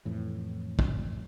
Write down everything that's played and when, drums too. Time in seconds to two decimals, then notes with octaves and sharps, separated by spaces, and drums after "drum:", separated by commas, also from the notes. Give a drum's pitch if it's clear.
0.05 F2 A2 E3
0.79 drum: kick